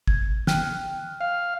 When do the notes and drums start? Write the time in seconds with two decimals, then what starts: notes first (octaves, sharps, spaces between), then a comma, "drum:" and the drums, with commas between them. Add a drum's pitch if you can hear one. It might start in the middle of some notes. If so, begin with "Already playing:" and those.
0.07 G#6, drum: kick
0.47 G5 F6 F#6, drum: snare
1.21 F5